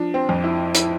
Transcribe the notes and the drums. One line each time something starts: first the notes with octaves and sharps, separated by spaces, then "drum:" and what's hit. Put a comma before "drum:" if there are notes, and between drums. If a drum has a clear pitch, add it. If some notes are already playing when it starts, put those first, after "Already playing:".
Already playing: F3 D4
C4
F2
E4
E4, drum: hi-hat